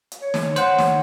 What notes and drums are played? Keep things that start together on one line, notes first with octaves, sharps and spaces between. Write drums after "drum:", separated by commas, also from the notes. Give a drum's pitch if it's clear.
drum: hi-hat
C#5
drum: snare
C5 F#5, drum: hi-hat
drum: snare